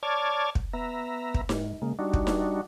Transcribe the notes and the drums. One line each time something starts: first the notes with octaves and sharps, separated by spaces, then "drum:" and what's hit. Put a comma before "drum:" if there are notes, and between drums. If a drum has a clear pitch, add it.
C#5 D5 A5 D6 F6 G#6
drum: kick
B3 E5 A#5
drum: kick
G#2, drum: snare D#4
C#3 G#3 A#3
G3 D4 D#4 F#4
drum: kick
drum: snare D#4